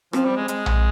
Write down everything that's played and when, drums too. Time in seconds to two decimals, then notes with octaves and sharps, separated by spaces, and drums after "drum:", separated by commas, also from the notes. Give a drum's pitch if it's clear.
0.13 F3 C4, drum: rim click
0.25 G3
0.36 G#3
0.48 G#3, drum: hi-hat
0.66 drum: tom A#1